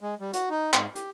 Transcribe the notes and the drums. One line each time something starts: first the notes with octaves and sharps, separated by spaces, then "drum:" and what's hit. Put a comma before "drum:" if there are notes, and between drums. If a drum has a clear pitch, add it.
G#3
G3
F#4, drum: hi-hat
D#4
G#2, drum: clap
G4, drum: hi-hat